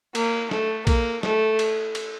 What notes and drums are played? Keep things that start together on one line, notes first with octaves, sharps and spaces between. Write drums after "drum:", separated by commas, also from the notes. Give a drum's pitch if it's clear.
A#3, drum: cymbal
A3, drum: snare
A#3, drum: kick A#1, cymbal
A3, drum: snare
drum: cymbal
drum: cymbal